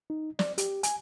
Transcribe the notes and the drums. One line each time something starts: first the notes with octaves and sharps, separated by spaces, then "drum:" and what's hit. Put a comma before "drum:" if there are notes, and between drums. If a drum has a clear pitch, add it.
D#4
D5, drum: snare
G4, drum: hi-hat
G#5, drum: hi-hat